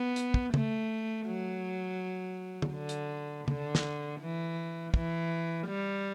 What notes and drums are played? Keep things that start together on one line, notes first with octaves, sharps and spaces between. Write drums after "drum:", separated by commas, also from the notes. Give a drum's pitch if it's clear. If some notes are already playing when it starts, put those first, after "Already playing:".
Already playing: B3
drum: hi-hat
drum: kick
A3, drum: tom
F#3
drum: tom D3
D3
drum: hi-hat
D3, drum: tom
drum: snare
E3
E3, drum: kick
G3